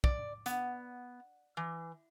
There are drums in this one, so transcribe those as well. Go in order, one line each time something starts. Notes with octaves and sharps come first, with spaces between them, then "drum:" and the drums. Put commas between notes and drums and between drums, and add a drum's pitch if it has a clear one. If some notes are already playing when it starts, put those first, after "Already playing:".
D5, drum: kick
B3, drum: hi-hat
E3